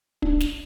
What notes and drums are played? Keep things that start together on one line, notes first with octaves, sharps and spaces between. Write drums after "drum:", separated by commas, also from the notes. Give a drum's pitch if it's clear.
D4, drum: kick
drum: snare